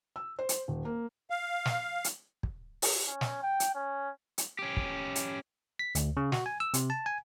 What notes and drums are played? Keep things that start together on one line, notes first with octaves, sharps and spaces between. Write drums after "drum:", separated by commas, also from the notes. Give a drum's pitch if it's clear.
E6
C5
drum: hi-hat
D#1
A#3
F5
drum: snare
drum: hi-hat
drum: kick
drum: open hi-hat
C#4
drum: snare
G5
drum: hi-hat
C#4
drum: hi-hat
C#4 G4
drum: kick
drum: hi-hat
B6
D2, drum: hi-hat
C#3
F#4, drum: snare
G#5
E6
C3, drum: hi-hat
A5
G#5